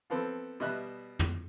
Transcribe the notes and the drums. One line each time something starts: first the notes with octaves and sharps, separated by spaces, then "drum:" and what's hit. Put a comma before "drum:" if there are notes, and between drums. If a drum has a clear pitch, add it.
F3 B3 C4 A4
B2 G3 D#5 E5 F#6
drum: tom